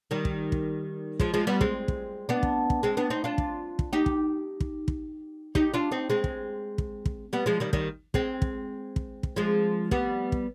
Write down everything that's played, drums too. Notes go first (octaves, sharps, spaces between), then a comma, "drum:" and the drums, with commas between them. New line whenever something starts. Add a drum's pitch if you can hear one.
D#3 G3
drum: kick
drum: kick
F3 G#3, drum: kick
F3 G#3
G3 B3
G#3 C4, drum: kick
drum: kick
B3 D4
drum: kick
drum: kick
G#3 C4
B3 D4
C4 D#4
D4 F4
drum: kick
drum: kick
D#4 G4
drum: kick
drum: kick
drum: kick
D#4 G4, drum: kick
D4 F4
C4 D#4
G#3 C4
drum: kick
drum: kick
drum: kick
G3 B3
F3 G#3
D#3 G3
D#3 G3, drum: kick
G#3 C4, drum: kick
drum: kick
drum: kick
drum: kick
F3 G#3
G3 B3, drum: kick
drum: kick